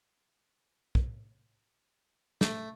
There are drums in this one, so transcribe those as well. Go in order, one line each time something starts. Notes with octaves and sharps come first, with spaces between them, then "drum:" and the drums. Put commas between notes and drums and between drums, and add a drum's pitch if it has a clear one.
drum: kick
A3, drum: snare